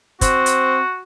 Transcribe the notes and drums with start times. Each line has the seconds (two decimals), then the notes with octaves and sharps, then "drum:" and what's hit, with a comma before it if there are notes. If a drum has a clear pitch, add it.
0.21 C4 F#4, drum: kick, hi-hat
0.46 drum: hi-hat